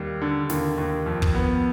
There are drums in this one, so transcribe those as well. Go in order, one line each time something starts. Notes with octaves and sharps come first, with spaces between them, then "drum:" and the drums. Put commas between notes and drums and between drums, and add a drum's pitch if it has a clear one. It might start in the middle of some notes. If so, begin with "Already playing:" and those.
Already playing: D#2 G3
D3
D#2, drum: snare
D#2
F2
drum: kick
B3